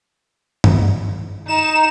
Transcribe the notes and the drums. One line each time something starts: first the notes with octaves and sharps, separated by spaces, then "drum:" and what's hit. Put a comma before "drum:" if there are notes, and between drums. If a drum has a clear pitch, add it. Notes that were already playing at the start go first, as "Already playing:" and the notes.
drum: tom G2
D#4 E7